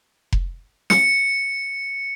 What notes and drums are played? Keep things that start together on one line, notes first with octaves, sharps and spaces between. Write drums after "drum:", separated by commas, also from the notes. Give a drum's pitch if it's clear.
drum: kick F1
C#7, drum: snare